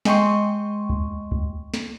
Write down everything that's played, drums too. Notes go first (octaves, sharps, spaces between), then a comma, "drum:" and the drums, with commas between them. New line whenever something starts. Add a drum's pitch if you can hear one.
G#3 D#5 G5 C6 C#6, drum: snare
drum: kick D2
drum: kick D2
drum: snare